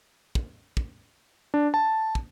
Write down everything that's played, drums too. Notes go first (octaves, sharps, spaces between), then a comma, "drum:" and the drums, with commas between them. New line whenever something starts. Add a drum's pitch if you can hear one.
drum: kick
drum: kick
D4
A5
drum: kick